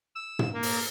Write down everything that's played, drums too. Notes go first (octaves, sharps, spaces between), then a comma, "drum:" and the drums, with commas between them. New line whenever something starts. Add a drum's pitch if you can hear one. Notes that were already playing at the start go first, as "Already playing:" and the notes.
E6
drum: tom
A#3
drum: open hi-hat